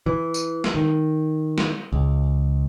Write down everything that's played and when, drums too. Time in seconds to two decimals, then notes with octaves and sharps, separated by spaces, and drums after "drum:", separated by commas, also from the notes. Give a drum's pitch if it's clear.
0.06 E3
0.34 drum: tambourine
0.64 drum: snare
0.74 D#3
1.58 drum: snare
1.93 C#2